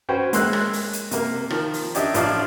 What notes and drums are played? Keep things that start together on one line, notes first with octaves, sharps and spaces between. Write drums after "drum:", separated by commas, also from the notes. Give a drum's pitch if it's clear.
C#4 F#4 B4 C5 G5
G#3 A#3 C6 E6 F#6, drum: hi-hat
drum: rim click
drum: open hi-hat
drum: hi-hat
C3 A#3, drum: hi-hat
D#3 F3, drum: rim click
drum: open hi-hat
C#4 D4 G4 D#5 E5, drum: hi-hat
A1 F3 D4 E4 F5, drum: hi-hat